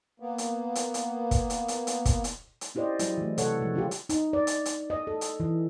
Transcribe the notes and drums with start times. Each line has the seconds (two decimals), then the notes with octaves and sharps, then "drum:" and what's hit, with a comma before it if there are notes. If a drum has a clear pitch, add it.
0.20 A#3 B3
0.38 drum: hi-hat
0.75 drum: hi-hat
0.94 drum: hi-hat
1.31 drum: kick, hi-hat
1.50 drum: hi-hat
1.68 drum: hi-hat
1.87 drum: hi-hat
2.05 drum: kick, hi-hat
2.24 drum: hi-hat
2.61 drum: hi-hat
2.75 C#4 E4 G4 C5 D5 D#5
2.99 F#3 G#3 E4, drum: hi-hat
3.17 E3 A3
3.38 C3 A4 C#5 F#5, drum: hi-hat
3.59 C3 F3 G#3
3.74 C#3 C#4 F4 G4
3.91 drum: hi-hat
4.09 D#4, drum: hi-hat
4.33 D5
4.47 drum: hi-hat
4.65 drum: hi-hat
4.90 D#5
5.07 A4
5.21 drum: hi-hat
5.40 E3